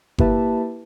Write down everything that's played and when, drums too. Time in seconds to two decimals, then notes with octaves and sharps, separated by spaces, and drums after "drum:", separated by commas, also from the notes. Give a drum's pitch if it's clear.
0.18 A#3 E4 G4 B4 E5 A5, drum: kick G1